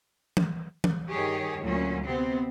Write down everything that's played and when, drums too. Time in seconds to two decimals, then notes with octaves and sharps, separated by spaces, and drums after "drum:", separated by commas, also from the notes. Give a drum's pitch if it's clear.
0.37 drum: tom
0.84 drum: tom
1.09 G2 D#3 G4 G#4 C#5
1.62 D2 A#2 F#3 C#4
2.04 C3 B3 C4